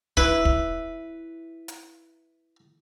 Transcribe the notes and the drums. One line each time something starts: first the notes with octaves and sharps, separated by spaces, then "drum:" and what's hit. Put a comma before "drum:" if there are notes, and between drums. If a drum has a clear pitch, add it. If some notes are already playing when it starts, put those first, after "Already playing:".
E4 B4, drum: kick
drum: kick
drum: hi-hat